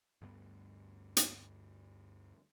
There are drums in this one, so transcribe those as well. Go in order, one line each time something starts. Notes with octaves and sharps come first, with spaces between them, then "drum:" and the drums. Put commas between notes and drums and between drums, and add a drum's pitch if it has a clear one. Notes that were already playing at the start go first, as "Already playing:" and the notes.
D2 G2 G3 B3
drum: hi-hat